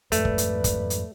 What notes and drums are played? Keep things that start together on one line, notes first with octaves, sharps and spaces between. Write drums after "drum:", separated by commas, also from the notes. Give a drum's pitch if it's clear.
F2 G#2 A3 B4 D5, drum: hi-hat
drum: kick
drum: hi-hat
drum: kick, hi-hat
drum: hi-hat